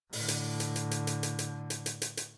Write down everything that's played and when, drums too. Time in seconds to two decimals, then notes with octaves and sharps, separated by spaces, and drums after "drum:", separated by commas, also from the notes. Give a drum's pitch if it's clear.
0.13 A2 D3, drum: open hi-hat
0.28 drum: hi-hat
0.60 drum: hi-hat
0.76 drum: hi-hat
0.91 drum: hi-hat
1.07 drum: hi-hat
1.23 drum: hi-hat
1.39 drum: hi-hat
1.70 drum: hi-hat
1.86 drum: hi-hat
2.02 drum: hi-hat
2.17 drum: hi-hat